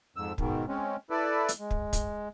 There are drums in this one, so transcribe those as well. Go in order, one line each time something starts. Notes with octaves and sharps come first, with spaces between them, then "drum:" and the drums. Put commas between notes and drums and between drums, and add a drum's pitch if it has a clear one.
F2 G#2 E6
G#2 B2 D#3, drum: kick
G#3 C4 C#4
E4 A4 B4 D5
drum: hi-hat
G#3
drum: kick
drum: kick, hi-hat